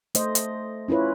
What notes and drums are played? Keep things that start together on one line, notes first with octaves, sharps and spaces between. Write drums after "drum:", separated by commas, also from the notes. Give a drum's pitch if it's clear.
A3 C5 D#5, drum: hi-hat
drum: hi-hat
C#4 E4 F4 B4 C#5